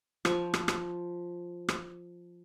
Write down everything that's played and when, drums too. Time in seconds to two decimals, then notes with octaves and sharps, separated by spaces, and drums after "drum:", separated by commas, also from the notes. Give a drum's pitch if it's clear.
0.25 F3 C#6, drum: rim click
0.54 drum: rim click
0.68 drum: rim click
1.68 drum: rim click